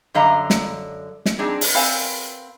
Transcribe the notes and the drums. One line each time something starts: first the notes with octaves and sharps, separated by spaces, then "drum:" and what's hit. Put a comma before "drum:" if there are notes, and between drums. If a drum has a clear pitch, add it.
F#2 D3 G3 D#5 F5 A#5
drum: snare
drum: snare
C4 D4 D#4 G#4
drum: open hi-hat
B3 C4 A#4 F5 G#5